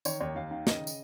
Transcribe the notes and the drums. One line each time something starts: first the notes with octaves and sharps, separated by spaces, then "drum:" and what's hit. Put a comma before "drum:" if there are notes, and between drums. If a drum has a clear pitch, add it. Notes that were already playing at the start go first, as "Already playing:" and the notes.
D#3 C#5, drum: tambourine
D#2 C#5
D#2 F5
D#3 F5
C#3 D#5, drum: snare
drum: tambourine